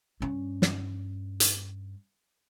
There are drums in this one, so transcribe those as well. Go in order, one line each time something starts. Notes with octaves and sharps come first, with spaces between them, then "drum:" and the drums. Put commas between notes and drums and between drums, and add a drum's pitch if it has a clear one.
G2 C#4
drum: snare
drum: hi-hat